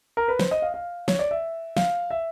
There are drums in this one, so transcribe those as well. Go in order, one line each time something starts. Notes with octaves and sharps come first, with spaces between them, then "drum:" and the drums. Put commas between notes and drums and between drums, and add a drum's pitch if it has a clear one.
A#4
B4
C5, drum: snare
D#5
F5
F5
C#5, drum: snare
D5
E5
F5, drum: snare
E5